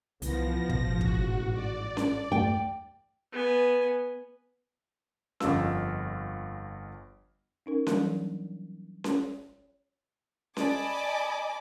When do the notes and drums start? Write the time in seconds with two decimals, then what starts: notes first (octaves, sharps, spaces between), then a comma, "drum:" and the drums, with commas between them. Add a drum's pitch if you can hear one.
0.22 C2 E3 F3 B3 A#6, drum: hi-hat
0.69 A1 G#2 B2, drum: kick
1.01 F#4, drum: kick
1.54 D5
1.97 D4, drum: snare C#4
2.32 E2 G2 A3 G5
3.32 B3 G#5
5.40 G1 F2 G4 F5 E6, drum: snare C#4
7.66 C#4 D#4 A#4
7.87 E3 F#3 G3 A#3 D4, drum: snare C#4
9.04 drum: snare C#4
10.57 D5 D#5 G#5 A5 B5 D6, drum: snare C#4